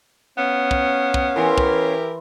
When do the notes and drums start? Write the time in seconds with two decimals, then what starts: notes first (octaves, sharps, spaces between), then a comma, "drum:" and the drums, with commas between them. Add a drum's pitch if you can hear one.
0.38 B3 C#4 F5
0.71 drum: kick
1.14 drum: kick
1.36 E3 E4 G4 A#4 C6
1.58 drum: kick